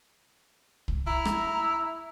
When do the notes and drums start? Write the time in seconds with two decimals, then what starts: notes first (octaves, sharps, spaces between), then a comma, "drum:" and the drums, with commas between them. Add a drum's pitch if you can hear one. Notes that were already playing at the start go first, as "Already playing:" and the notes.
0.88 drum: kick
1.07 E4 A#5
1.25 drum: rim click